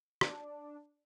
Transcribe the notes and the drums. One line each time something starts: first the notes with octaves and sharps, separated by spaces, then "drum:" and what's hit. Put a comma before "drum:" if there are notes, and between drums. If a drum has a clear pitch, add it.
D4, drum: rim click